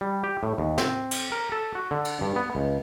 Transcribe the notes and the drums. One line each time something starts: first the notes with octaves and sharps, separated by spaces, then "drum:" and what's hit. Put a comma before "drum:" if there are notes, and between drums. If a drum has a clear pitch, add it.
G3
G4
A2
D#2
C4, drum: snare
drum: cymbal
A#4
A4
F#4
D3
drum: cymbal
G2
B3
C#2